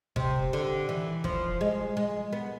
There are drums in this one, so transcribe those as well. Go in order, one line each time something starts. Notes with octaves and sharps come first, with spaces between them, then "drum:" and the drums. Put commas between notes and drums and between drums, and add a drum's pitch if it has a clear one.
C3, drum: kick
D3
E3
F3, drum: kick
G#3
G#3
B3